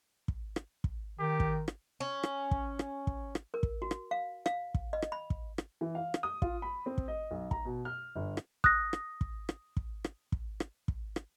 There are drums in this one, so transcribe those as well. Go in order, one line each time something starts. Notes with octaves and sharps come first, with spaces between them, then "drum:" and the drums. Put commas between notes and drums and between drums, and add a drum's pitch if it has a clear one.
drum: kick
drum: rim click
drum: kick
D#3 G4
drum: kick
drum: rim click
C#4
drum: rim click
drum: kick
drum: rim click
drum: kick
drum: rim click
A#4
drum: kick
F#4
drum: rim click
F5
F5, drum: rim click
drum: kick
D#5
drum: rim click
B5
drum: kick
drum: rim click
E3
F5
drum: rim click
D#6
F4, drum: kick
B5
C4
drum: kick
D#5
B1
A#5, drum: kick
B2
F6
G1
drum: rim click
D#6 F#6 A#6, drum: kick
drum: rim click
drum: kick
drum: rim click
drum: kick
drum: rim click
drum: kick
drum: rim click
drum: kick
drum: rim click